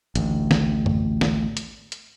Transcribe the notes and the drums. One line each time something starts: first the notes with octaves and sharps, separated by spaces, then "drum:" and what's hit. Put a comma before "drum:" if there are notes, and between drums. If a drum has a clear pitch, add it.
A1 D2, drum: hi-hat
drum: snare
drum: tom F#2
drum: snare
drum: hi-hat
drum: hi-hat